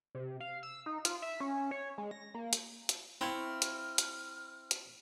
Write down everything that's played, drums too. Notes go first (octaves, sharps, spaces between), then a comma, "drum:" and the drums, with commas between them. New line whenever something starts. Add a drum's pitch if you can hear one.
C3
F5
E6
D#4
F4, drum: hi-hat
E5
C#4
C#5
G#3
A#6
A#3
drum: hi-hat
drum: hi-hat
C4 E4 F5 C#6 F6
drum: hi-hat
drum: hi-hat
drum: hi-hat